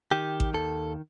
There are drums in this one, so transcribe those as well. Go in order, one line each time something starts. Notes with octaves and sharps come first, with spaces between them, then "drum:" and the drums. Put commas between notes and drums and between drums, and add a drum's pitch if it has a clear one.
D#3 G4
drum: kick A1
D#2 A4